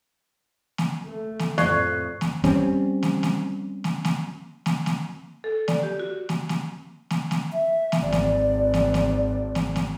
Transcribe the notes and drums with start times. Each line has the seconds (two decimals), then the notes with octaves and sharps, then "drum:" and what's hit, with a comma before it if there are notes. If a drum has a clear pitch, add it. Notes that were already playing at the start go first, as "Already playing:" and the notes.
0.78 drum: snare
1.06 A3
1.39 drum: snare
1.58 F2 A2 D5 C#6 F#6 C7, drum: snare
2.21 drum: snare
2.44 G3 C4 C#4, drum: snare
3.03 drum: snare
3.23 drum: snare
3.84 drum: snare
4.05 drum: snare
4.66 drum: snare
4.86 drum: snare
5.44 A4
5.68 D5, drum: snare
5.83 G4
6.00 F#4
6.29 drum: snare
6.49 drum: snare
7.10 drum: snare
7.31 drum: snare
7.53 E5
7.92 drum: snare
8.02 G#1 D5
8.12 drum: snare
8.74 drum: snare
8.94 drum: snare
9.55 drum: snare
9.76 drum: snare